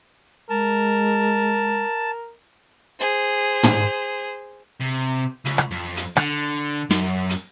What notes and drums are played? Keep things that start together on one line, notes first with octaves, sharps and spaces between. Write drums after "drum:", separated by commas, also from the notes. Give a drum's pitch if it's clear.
G#3 A#4 A5
G#4 C5
drum: tom
C3
C#2, drum: hi-hat
drum: rim click
F2
drum: hi-hat
D3, drum: rim click
F#2, drum: snare
drum: hi-hat